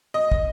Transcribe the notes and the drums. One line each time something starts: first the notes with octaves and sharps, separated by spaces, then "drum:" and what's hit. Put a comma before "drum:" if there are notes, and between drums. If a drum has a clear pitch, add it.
D#5
drum: kick